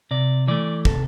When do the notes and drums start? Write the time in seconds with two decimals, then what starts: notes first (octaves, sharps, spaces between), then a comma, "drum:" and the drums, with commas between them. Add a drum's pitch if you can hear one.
0.11 C3 D5
0.48 E3 A3 D5
0.85 C3 A4, drum: kick